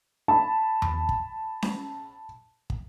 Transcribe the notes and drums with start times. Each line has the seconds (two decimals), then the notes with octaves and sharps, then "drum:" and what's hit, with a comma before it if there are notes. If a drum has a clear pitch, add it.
0.28 A5 B5
0.82 drum: tom E2
1.09 drum: kick
1.62 drum: snare C#4
2.70 drum: kick